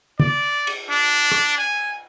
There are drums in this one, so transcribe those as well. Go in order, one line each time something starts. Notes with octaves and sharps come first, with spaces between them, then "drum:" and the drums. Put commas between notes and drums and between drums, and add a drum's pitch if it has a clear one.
D5, drum: tom
drum: cymbal
D4
drum: rim click
G#5